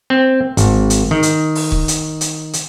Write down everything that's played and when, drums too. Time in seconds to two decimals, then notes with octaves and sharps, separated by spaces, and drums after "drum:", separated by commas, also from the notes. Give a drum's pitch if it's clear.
0.10 C4
0.57 G#1, drum: hi-hat
0.90 drum: hi-hat
1.11 D#3
1.23 drum: hi-hat
1.55 drum: open hi-hat
1.72 drum: kick C#1
1.88 drum: hi-hat
2.21 drum: hi-hat
2.53 drum: hi-hat